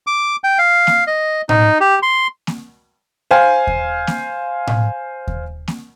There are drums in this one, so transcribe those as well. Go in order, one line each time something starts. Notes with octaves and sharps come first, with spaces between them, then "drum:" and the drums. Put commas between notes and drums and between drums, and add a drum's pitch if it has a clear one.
D6
G5
F5
drum: snare A#3
D#5
D#4, drum: tom A2
G4
C6
drum: snare A#3
C5 F5 G#5
drum: kick D#2
drum: snare A#3
drum: tom A2
drum: kick D#2
drum: snare A#3